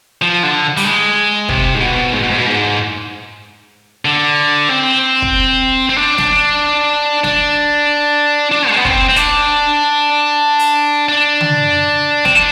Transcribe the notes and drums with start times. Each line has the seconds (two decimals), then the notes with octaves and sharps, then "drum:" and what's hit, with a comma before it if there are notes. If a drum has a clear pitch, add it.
0.22 F3
0.43 D3
0.77 G3, drum: open hi-hat
0.85 G#3
1.49 C3, drum: kick
1.75 G#2
1.80 B2
2.13 G#2
2.22 B2
2.30 G#2
2.38 B2
2.46 G#2
4.05 D3
4.69 C4
5.22 drum: kick
5.89 C4
5.96 D4
6.18 drum: snare
7.24 D4, drum: snare
8.52 D4
8.69 G#3
8.76 B3
8.85 C4, drum: kick
9.09 C4
9.16 D4, drum: hi-hat
10.59 drum: open hi-hat
11.08 D4
11.41 drum: tom C#3
12.25 C4, drum: snare
12.35 D4